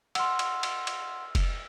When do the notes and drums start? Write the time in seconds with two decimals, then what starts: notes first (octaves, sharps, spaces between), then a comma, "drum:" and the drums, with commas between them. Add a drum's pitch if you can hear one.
0.15 F#5 C6 E6 F6, drum: cymbal
0.39 drum: cymbal
0.63 drum: cymbal
0.87 drum: cymbal
1.35 drum: kick F1, cymbal